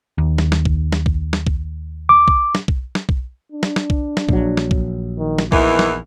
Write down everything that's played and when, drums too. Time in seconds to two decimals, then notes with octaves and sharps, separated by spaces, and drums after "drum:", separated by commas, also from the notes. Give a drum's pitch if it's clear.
0.18 D#2
0.38 drum: snare
0.52 drum: snare
0.65 drum: kick B1
0.92 drum: snare
1.06 drum: kick B1
1.33 drum: snare
1.47 drum: kick B1
2.09 D6
2.28 drum: kick B1
2.55 drum: snare
2.68 drum: kick B1
2.95 drum: snare
3.09 drum: kick B1
3.52 D4
3.63 drum: snare
3.76 drum: snare
3.90 drum: kick B1
4.17 drum: snare
4.29 A#1 F#3, drum: kick B1
4.57 drum: snare
4.71 drum: kick B1
5.19 D#3
5.38 drum: snare
5.52 E2 D#3 E3 E4, drum: kick B1
5.79 drum: snare